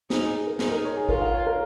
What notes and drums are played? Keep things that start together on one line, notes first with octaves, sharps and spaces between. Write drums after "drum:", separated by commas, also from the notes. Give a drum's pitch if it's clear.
D#4 G#4, drum: snare
G#4
G#4
A#4
D#4 G#4, drum: snare
A#4
C#5
G#4
F4 A#4, drum: kick
F5
C#5
A#4